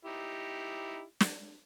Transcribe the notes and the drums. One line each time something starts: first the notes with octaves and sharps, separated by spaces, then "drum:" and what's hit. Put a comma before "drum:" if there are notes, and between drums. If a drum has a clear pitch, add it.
D#4 E4 G4
drum: snare